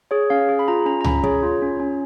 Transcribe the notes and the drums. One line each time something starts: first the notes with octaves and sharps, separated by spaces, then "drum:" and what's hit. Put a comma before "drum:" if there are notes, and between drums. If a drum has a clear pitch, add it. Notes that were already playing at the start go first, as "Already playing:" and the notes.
G#4 C#5
C#4 F5
G#4
B5
F4 A#5
C#4 A#5
A#5
C#4 B5, drum: tom C#2
G#4 C#5, drum: kick
F4
C#4
C#4